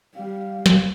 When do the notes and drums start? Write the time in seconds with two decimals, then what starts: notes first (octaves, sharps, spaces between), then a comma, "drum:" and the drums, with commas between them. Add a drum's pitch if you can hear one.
0.16 G3 F5
0.66 drum: snare